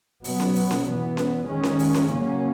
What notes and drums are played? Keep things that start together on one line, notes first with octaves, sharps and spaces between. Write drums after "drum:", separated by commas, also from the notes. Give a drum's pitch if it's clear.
B2 F#3 B3, drum: open hi-hat
drum: snare C#4
drum: open hi-hat
drum: snare C#4
E3 B3
drum: snare C#4
D#3 G#3 C#4
drum: snare C#4
drum: open hi-hat
drum: snare C#4
C#3 F#3 A#3 C#4